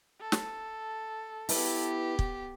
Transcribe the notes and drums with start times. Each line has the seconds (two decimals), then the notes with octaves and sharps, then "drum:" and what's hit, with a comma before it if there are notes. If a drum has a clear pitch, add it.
0.21 A4
0.32 drum: snare
1.49 B3 E4 G4 B4, drum: open hi-hat
2.19 drum: kick